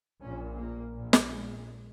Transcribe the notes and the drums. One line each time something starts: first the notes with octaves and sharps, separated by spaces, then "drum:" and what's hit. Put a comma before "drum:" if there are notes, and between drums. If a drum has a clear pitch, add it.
A#1 A#2 C#4
A#3
A#1 A#2
drum: snare
G#3